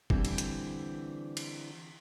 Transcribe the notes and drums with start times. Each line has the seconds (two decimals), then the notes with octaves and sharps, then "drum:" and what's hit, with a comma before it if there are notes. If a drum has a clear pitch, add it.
0.10 D3 E3 G3 C4, drum: kick F#1
0.25 drum: cymbal
0.38 drum: hi-hat
1.37 drum: cymbal